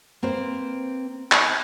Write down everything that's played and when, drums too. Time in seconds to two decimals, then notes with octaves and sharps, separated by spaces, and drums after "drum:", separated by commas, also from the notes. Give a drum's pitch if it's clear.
0.22 A#3 C4 B4 C5
1.32 drum: clap